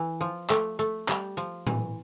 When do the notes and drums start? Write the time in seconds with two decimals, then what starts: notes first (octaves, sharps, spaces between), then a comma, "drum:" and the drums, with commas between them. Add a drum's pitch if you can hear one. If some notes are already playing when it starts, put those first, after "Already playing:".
Already playing: E3
0.21 F3
0.50 A3, drum: clap
0.79 A3, drum: hi-hat
1.09 G3, drum: clap
1.37 F3, drum: hi-hat
1.67 E3, drum: tom A2